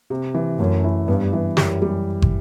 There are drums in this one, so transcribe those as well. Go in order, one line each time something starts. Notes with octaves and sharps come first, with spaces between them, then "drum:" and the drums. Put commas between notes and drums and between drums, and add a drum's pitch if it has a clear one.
C3
E3
F#2 A3
E4
G2 B3
E3
F#2 G3, drum: snare
G3
drum: kick